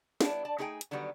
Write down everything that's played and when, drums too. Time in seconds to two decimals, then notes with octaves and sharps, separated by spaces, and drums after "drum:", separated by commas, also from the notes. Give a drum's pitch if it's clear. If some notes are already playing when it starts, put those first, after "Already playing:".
0.21 G3 B3 D4 E4, drum: snare
0.45 D5 A5
0.58 A3 D#4 G#4 B4 G5 G#5
0.81 drum: hi-hat
0.91 D3 D#3 F#3 G3 B3